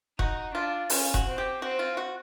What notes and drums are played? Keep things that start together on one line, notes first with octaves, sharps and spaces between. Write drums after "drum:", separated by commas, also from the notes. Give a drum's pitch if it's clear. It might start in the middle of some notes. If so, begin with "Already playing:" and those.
D#4 F#4, drum: kick F1
D4 F4
C#4 F4, drum: open hi-hat
F#4, drum: kick F1
C4
G4
C4 F#4
F4
F#4